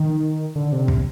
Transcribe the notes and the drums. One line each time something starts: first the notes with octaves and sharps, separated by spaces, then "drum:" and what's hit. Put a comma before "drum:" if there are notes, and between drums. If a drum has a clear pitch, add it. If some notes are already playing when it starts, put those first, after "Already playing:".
Already playing: D#3
D3
C3
drum: kick